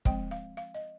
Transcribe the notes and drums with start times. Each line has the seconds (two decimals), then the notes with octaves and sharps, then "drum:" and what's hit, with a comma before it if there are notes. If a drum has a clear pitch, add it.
0.05 F3 G#3 C4 G5, drum: kick
0.31 F5
0.57 F5
0.74 D#5